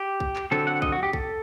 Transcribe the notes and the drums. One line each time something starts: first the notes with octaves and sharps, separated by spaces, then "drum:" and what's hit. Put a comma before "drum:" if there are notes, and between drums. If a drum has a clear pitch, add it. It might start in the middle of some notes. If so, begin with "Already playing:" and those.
Already playing: G4
drum: kick
drum: clap
D3 F#3 C4 A4
F#5
D#5, drum: kick
F#4
G4
A4, drum: kick